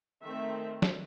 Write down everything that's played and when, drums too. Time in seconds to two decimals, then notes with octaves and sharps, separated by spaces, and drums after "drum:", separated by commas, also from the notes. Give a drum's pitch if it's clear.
0.23 D#3 A3 C4 E5
0.82 drum: snare